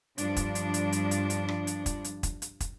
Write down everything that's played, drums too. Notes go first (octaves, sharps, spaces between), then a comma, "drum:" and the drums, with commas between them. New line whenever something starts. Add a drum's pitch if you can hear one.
G2 F3 D4, drum: hi-hat
drum: kick, hi-hat
drum: hi-hat
drum: hi-hat
drum: hi-hat
drum: hi-hat
drum: hi-hat
drum: rim click
drum: hi-hat
drum: kick, hi-hat
drum: hi-hat
drum: kick, hi-hat
drum: hi-hat
drum: kick, hi-hat